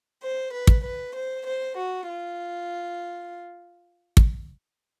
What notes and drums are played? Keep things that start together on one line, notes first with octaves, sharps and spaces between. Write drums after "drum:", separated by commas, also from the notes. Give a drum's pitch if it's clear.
C5
B4
drum: kick
B4
C5
C5
F#4
F4
drum: kick